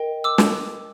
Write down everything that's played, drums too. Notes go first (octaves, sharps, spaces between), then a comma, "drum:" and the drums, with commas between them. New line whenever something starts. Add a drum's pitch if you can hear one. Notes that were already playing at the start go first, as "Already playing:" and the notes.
Already playing: A#4 D#5 G5
D6 E6
drum: snare